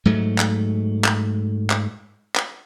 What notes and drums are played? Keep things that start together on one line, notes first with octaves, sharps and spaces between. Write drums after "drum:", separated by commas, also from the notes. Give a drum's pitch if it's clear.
G#2 F#3 A3
drum: clap
drum: clap
drum: clap
drum: clap